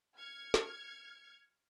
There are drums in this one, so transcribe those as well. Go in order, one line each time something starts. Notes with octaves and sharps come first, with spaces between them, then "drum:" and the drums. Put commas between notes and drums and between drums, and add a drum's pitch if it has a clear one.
F6 G#6 C#7
drum: snare